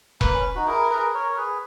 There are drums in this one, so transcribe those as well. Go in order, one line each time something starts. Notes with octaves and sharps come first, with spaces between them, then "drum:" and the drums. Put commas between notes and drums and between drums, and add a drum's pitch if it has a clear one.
A#3 B4, drum: kick E1
C#4
D#4 F#4
E4 G#4 A#4
G#4 B4
A#4 C#5
A#4
G#4 B4